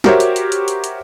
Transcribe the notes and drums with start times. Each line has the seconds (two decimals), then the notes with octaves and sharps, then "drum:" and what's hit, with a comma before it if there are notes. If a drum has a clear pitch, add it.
0.04 F#4 G4 A#4 C5 C#5 E5, drum: snare
0.20 drum: hi-hat
0.36 drum: hi-hat
0.52 drum: hi-hat
0.68 drum: hi-hat
0.84 drum: hi-hat